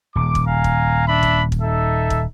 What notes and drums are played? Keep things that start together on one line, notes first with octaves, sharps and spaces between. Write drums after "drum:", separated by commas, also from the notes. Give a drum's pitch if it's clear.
D#1 D6
drum: kick
F5 G#5 A#5
drum: kick
D4 E5 B5
drum: kick
drum: kick
D#4 A4 E5
drum: kick